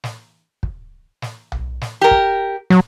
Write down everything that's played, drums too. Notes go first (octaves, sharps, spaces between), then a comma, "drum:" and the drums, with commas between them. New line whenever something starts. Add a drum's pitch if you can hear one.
drum: snare
drum: kick
drum: snare
drum: tom B1
drum: snare
G4 A#4
drum: kick
F#3, drum: snare